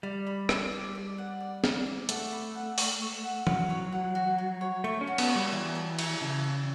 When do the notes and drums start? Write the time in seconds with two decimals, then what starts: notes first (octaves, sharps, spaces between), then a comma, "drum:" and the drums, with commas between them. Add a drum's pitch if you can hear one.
0.03 G3 D5
0.27 B5
0.49 D5, drum: rim click
0.73 D5
0.95 D5
1.18 F#5
1.40 D5
1.64 D5, drum: snare
1.86 D5
2.09 A3 F#5, drum: hi-hat
2.32 B5
2.55 F#5
2.78 C#6, drum: open hi-hat
3.01 C#6
3.24 F#5
3.47 F#3 F#5, drum: tom E3
3.70 C#5
3.92 F#5
4.15 F#4
4.38 F#4
4.61 C#5
4.84 A3 C#6
5.01 C#4
5.07 F#4
5.18 B3, drum: cymbal
5.30 C#5
5.35 G3
5.52 E3 E4
5.75 A5
5.99 E4, drum: cymbal
6.21 C#3 E4
6.44 A5